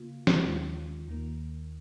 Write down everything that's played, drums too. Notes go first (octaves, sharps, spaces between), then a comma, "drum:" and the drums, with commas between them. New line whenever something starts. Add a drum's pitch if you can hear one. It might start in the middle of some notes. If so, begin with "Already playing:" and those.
Already playing: C#3 A#3 F4
drum: snare
D#2 D#3 G#3 C#4 F4
D#2 D#3 A#3